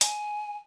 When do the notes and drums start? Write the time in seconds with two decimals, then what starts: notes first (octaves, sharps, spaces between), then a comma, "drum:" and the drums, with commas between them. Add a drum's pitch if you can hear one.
0.01 G#5, drum: hi-hat